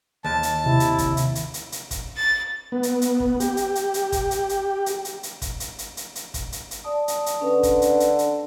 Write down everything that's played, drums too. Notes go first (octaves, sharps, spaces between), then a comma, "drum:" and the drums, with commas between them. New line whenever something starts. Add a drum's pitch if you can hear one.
D#2 A5
drum: hi-hat
C3 E4
drum: hi-hat
drum: kick, hi-hat
drum: hi-hat
drum: hi-hat
drum: hi-hat
drum: hi-hat
drum: kick, hi-hat
A6
B3
drum: hi-hat
drum: hi-hat
drum: kick
G4, drum: hi-hat
drum: hi-hat
drum: hi-hat
drum: hi-hat
drum: kick, hi-hat
drum: hi-hat
drum: hi-hat
drum: hi-hat
drum: hi-hat
drum: hi-hat
drum: kick, hi-hat
drum: hi-hat
drum: hi-hat
drum: hi-hat
drum: hi-hat
drum: kick, hi-hat
drum: hi-hat
drum: hi-hat
D5 A5 D#6
drum: hi-hat
drum: hi-hat
D3 C#4 B4
drum: kick, hi-hat
drum: hi-hat
drum: hi-hat
drum: hi-hat